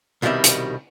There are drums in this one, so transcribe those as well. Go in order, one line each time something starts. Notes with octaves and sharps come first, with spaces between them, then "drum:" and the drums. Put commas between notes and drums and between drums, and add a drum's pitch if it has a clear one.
C2 B2 D#3 G3 D5 E5
drum: hi-hat